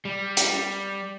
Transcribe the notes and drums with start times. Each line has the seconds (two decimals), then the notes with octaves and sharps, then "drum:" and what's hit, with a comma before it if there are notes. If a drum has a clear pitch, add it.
0.05 G3
0.37 drum: hi-hat